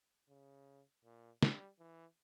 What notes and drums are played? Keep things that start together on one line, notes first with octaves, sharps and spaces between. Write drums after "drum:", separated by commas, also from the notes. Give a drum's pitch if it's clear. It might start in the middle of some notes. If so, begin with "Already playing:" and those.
C#3
A#2
G3, drum: snare
E3